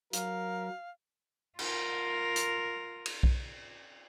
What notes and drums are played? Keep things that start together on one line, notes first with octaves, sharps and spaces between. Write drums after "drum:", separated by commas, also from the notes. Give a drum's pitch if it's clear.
F#3 A#4 F5, drum: hi-hat
F4 A#4, drum: cymbal
drum: hi-hat
drum: cymbal
drum: kick B1